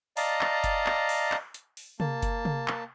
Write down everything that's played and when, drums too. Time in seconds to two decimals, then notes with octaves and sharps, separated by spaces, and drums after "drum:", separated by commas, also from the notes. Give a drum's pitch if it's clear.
0.17 D5 D#5 F5 A5 A#5, drum: open hi-hat
0.41 drum: clap
0.64 drum: kick F#1, hi-hat
0.86 drum: clap
1.09 drum: open hi-hat
1.32 drum: clap
1.54 drum: hi-hat
1.77 drum: open hi-hat
2.00 A#3 A5, drum: tom
2.22 drum: kick F#1, hi-hat
2.45 drum: tom
2.68 drum: clap